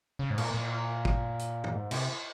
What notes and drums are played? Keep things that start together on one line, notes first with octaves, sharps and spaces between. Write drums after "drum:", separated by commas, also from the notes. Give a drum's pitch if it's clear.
C#3
G#2
A#2, drum: cymbal
A#2
drum: kick
drum: hi-hat
drum: tom
G#2
C3, drum: cymbal